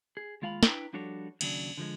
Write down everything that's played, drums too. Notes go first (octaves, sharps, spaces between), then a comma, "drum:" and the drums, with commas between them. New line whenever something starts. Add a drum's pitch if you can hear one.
G#4
D#2 G#3 F4 F5 G#5 B5
D4 E4 B4 G5 A#5, drum: snare
F3 G3 D4 F#4 A4 C#5
D#2 C#3 F#3 D4, drum: cymbal
D3 F3 G#3